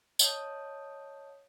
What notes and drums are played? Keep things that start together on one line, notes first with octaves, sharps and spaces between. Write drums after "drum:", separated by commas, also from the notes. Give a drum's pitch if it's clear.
C#5 D#5 F5 A5 D#6 G6, drum: tambourine